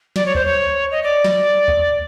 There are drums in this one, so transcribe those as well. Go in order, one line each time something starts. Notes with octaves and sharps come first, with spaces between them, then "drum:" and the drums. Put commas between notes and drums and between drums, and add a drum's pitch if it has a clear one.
D5, drum: snare
C#5
C5, drum: kick D2
C#5
D#5
D5
drum: snare
drum: kick D2